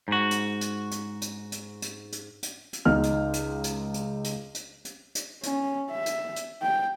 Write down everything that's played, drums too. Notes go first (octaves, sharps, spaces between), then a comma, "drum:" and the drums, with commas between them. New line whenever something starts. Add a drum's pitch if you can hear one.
G#2 F#4
drum: hi-hat
drum: hi-hat
drum: hi-hat
drum: hi-hat
drum: hi-hat
drum: hi-hat
drum: hi-hat
drum: hi-hat
drum: hi-hat
C#2 D#4 F6
drum: hi-hat
drum: hi-hat
drum: hi-hat
drum: hi-hat
drum: hi-hat
drum: hi-hat
drum: hi-hat
drum: hi-hat
C#4, drum: hi-hat
E5
drum: hi-hat
drum: hi-hat
G5